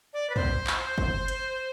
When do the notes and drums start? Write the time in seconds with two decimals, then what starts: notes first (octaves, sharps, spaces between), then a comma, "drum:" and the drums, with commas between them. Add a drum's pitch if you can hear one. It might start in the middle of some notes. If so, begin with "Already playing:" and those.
0.14 D5
0.30 B4
0.36 C5, drum: tom
0.67 drum: clap
0.98 drum: kick
1.28 drum: hi-hat